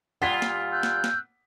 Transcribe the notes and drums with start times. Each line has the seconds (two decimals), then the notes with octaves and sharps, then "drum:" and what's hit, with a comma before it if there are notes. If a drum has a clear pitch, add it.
0.22 A#2 G3 F4 F#5 B6
0.42 drum: snare
0.71 E6 F#6 G6
0.83 drum: snare
1.04 drum: snare